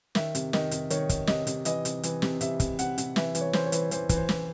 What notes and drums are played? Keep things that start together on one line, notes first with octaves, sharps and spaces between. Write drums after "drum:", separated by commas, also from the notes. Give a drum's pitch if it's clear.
D#3 E5, drum: snare
C3, drum: hi-hat
D#3 D#5, drum: snare
C3, drum: hi-hat
D#3 C#5, drum: hi-hat
D#3, drum: kick, hi-hat
C3 D#5, drum: snare
C3, drum: hi-hat
E3 D#5, drum: hi-hat
C3, drum: hi-hat
E3, drum: hi-hat
C3, drum: snare
C3 E5, drum: hi-hat
C3, drum: kick, hi-hat
C3 F#5, drum: hi-hat
C3, drum: hi-hat
E3 E5, drum: snare
E3, drum: hi-hat
C#5
E3 C5, drum: snare
C#5
E3, drum: hi-hat
E3 C5, drum: hi-hat
E3, drum: kick, hi-hat
C5
E3, drum: snare